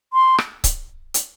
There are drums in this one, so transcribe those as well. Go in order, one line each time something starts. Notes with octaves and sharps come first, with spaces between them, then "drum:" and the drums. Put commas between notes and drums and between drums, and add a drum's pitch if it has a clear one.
C6
drum: rim click
drum: kick C#1, hi-hat
drum: hi-hat